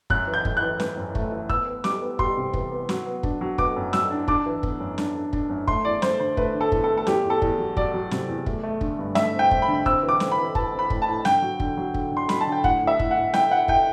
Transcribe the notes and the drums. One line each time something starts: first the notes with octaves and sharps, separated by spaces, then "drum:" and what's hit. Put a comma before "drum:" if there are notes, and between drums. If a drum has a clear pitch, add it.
F#2 F#6, drum: kick
E3
G6
F#2, drum: kick
F#6
E3
E3, drum: snare
F#2
A3, drum: kick
E3
B3 E6, drum: kick
B3
G3 D6, drum: snare
B3
G3 C6, drum: kick
C3
E3, drum: kick
B3
F#3, drum: snare
B3
D4, drum: kick
F#3
B3 D6, drum: kick
F#2
F#3 E6, drum: snare
D4
D4 D6, drum: kick
E3
B3, drum: kick
F#2
D4, drum: snare
D4
D4, drum: kick
F#2
A3 C6, drum: kick
E2 D5
A3 C5, drum: snare
D3 C5
A3 B4, drum: kick
D3
A4
E2, drum: kick
A4
A3
A4
E2 G4, drum: snare
E2
A4
E2, drum: kick
F#3
F#3 D5, drum: kick
F#3
C3, drum: snare
E2
A3, drum: kick
A3
D3, drum: kick
G2
A3 E5, drum: snare
C4
G5
C4, drum: kick
B5
D3
C4 E6, drum: kick
E3
D6
C4, drum: snare
B5
E3
E3 A5, drum: kick
C4
B5
A2, drum: kick
A5
A2
D3 G5, drum: snare
F#3
D3, drum: kick
F#3
D3, drum: kick
D3 C6
F#3 B5, drum: snare
A5
D3
G5
A2 F#5, drum: kick
A2
E5
A2, drum: kick
F#5
A2
E4 G5, drum: snare
E4 F#5
E4 G5, drum: kick